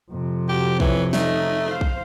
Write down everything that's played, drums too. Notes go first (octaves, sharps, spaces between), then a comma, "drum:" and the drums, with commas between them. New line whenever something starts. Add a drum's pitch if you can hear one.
F2 C3
F#4 G4
E3 C#5, drum: kick
A3 C#4 D#4, drum: snare
C5 F5
drum: kick